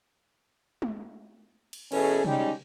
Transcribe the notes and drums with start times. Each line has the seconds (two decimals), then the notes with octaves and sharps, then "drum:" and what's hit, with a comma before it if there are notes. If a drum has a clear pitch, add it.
0.82 drum: tom G#3
1.73 drum: cymbal
1.92 B2 E3 C#4 G#4 A4, drum: cymbal
2.25 G3 G#3 C#4 D#4 G4, drum: tom C3